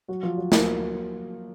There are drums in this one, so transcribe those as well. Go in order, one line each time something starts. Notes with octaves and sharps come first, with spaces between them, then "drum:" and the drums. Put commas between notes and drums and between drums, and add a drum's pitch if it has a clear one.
F#3 F#4
F3 F4
F#3 F#4
A#3 A#4, drum: snare